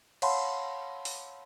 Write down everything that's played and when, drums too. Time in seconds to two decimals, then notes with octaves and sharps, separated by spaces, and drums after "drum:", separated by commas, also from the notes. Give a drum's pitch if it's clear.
0.22 C#5 F5 F#5 A5 B5 C6, drum: cymbal
1.05 drum: open hi-hat